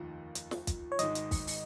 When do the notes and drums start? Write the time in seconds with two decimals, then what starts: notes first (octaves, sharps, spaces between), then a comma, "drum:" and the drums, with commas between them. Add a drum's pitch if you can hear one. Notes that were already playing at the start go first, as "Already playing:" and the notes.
Already playing: F1 D#2 D#3 F4
0.35 drum: hi-hat
0.51 drum: snare
0.67 drum: kick, hi-hat
0.92 C#5
0.99 G#1 G#2 G#3 D#4 D#5, drum: hi-hat
1.15 drum: hi-hat
1.31 drum: kick, open hi-hat
1.47 drum: open hi-hat